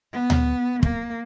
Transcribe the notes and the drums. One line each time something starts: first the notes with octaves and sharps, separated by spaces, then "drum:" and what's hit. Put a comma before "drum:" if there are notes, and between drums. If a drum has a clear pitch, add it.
B3
drum: tom D2
A#3, drum: kick